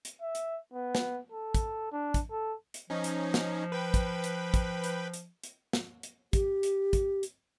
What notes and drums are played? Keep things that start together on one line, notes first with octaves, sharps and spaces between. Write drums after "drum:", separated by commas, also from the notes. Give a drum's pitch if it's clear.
drum: hi-hat
E5
drum: hi-hat
B3
drum: snare
A4
drum: kick, hi-hat
D4
drum: kick, hi-hat
A4
drum: hi-hat
F3 C#4 D#4
drum: hi-hat
drum: snare
B4 G5 B5
drum: kick, hi-hat
drum: hi-hat
drum: kick, hi-hat
drum: hi-hat
drum: hi-hat
drum: hi-hat
drum: snare
drum: hi-hat
G4, drum: kick, hi-hat
drum: hi-hat
drum: kick, hi-hat
drum: hi-hat